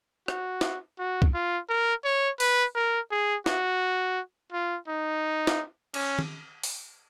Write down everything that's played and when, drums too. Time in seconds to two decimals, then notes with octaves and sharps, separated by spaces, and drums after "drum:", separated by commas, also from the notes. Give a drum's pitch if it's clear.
0.28 F#4, drum: rim click
0.61 drum: snare
0.99 F#4
1.22 drum: kick C2
1.34 F4
1.69 A#4
2.05 C#5
2.40 B4, drum: open hi-hat
2.75 A#4
3.11 G#4
3.46 F#4, drum: snare
4.52 F4
4.88 D#4
5.47 drum: snare
5.94 C#4, drum: cymbal
6.19 drum: tom
6.63 drum: open hi-hat